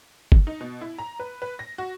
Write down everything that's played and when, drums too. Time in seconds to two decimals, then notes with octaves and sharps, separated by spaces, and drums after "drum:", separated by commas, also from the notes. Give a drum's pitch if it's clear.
0.32 drum: kick G1
0.47 D#4
0.61 B2
0.81 E4
0.98 A#5
1.20 B4
1.42 B4
1.59 A#6
1.78 F#4